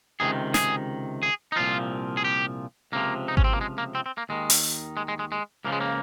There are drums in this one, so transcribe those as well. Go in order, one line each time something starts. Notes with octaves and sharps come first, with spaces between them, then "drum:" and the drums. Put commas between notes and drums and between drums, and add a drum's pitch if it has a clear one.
C#2 C3 D#3 G#4
G#4, drum: snare
G#4
D#4
C2 A#2 F3 F4
G#4
G4
C#2 C3 F3 A#3
D#4
C#4, drum: kick G#1
C4
A#3
G#3
A#3
C4
C4
A#3
D#2 D#3 G#3
drum: open hi-hat
G#3
G#3
G#3
G#3
C#2 C#3 F3 A#3
G#3
A#3